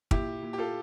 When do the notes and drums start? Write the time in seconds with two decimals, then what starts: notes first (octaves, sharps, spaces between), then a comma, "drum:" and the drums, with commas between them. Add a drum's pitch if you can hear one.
0.11 A#2 E4 G4, drum: kick
0.42 A#2
0.53 G4
0.58 F4 A4